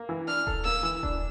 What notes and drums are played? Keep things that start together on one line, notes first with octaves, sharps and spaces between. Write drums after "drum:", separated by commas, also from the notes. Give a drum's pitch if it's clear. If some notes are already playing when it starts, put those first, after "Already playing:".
Already playing: A#3
E3
D4 F6
A4, drum: kick D#1
A#3 E6
E3
D4, drum: kick D#1